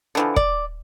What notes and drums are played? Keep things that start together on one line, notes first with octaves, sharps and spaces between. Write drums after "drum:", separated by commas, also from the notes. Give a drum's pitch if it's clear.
D3 E3 F3
D5, drum: kick